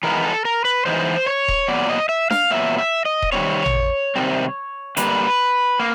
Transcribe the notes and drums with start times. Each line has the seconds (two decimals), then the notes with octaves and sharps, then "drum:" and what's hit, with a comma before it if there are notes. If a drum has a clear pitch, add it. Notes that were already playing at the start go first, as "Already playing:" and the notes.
0.03 E3 G#3 B3 D#4 A#4
0.24 A4
0.45 A#4
0.65 B4
0.86 E3 G#3 B3 D#4 C5
1.26 C#5
1.48 drum: kick D#1
1.68 A#2 F#3 B3 D5
1.89 D#5
2.09 E5
2.31 F5, drum: snare D4
2.51 A#2 F#3 B3 E5
2.78 E5
3.05 D#5
3.22 drum: kick D#1
3.32 C3 D#3 G3 C4 C#5
3.66 drum: tom A1
4.16 C3 D#3 G3 C4
4.97 D3 G3 A#3 B4, drum: hi-hat
5.80 A#3